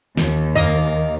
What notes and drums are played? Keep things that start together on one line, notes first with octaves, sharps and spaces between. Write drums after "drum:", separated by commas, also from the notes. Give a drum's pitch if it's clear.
D#2, drum: snare
A#3 D#5, drum: tom E2